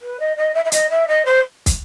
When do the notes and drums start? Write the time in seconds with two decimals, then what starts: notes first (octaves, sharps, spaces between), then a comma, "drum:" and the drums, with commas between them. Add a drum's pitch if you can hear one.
0.01 B4
0.19 D#5
0.37 D#5
0.54 E5
0.64 E5
0.72 D#5, drum: hi-hat
0.90 E5
1.07 D#5
1.25 C5
1.66 drum: kick, hi-hat